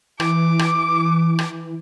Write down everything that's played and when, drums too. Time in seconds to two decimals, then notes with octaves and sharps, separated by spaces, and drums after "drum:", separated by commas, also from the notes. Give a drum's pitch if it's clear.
0.20 E3 D6, drum: rim click
0.59 drum: rim click
1.39 drum: rim click